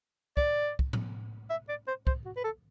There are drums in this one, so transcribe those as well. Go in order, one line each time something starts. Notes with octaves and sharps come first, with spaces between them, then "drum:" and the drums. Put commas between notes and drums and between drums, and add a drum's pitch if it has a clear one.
D5, drum: kick
drum: kick
drum: tom A2
E5
D5
C5
C5, drum: kick
F#4
B4
A4